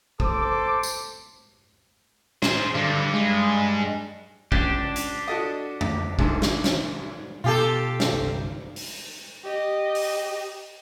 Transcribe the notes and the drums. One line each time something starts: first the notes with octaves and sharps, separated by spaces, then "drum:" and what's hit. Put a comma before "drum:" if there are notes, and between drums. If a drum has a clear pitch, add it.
A4 C5 D6, drum: kick
drum: tambourine
G#4 C5, drum: snare
G2 D3
G#3
C#2 D4 G4, drum: kick
drum: hi-hat
F#4 A4 D#5
drum: tom F2
C2 G#2 D3, drum: kick
drum: snare
drum: snare
B2 B3 F4 G4 A4
drum: snare
G1 C2
drum: open hi-hat
G4 D#5
drum: open hi-hat